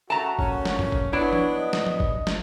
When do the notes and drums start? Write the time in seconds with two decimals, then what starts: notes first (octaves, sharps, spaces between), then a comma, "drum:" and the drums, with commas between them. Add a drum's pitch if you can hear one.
0.10 C#3 A3 F#4 A5 A#5
0.39 A3 A#3 C#4, drum: kick
0.65 drum: snare
0.79 drum: tom F2
0.92 drum: kick
1.13 F#3 B3 D4 E4 C#5
1.33 drum: tom
1.50 D#5
1.73 drum: snare
1.87 drum: tom
2.00 drum: kick
2.27 drum: snare